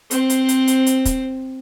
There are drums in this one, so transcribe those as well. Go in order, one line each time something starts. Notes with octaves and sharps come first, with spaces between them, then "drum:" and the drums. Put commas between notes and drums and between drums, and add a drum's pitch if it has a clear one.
C4 C5, drum: hi-hat
drum: hi-hat
drum: hi-hat
drum: hi-hat
drum: hi-hat
drum: kick, hi-hat